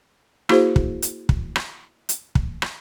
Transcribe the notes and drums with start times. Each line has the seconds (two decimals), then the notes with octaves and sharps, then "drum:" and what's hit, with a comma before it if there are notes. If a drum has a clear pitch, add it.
0.49 A#3 E4 F#4 G#4 C5, drum: rim click
0.76 drum: kick
1.02 drum: hi-hat
1.29 drum: kick
1.56 drum: rim click
2.09 drum: hi-hat
2.35 drum: kick
2.62 drum: rim click